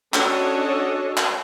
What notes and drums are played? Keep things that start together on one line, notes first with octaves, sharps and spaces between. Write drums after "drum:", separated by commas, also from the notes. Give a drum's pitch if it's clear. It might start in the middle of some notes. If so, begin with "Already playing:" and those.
C#4 D4 F#4 A4 C#5 D#5, drum: clap
drum: clap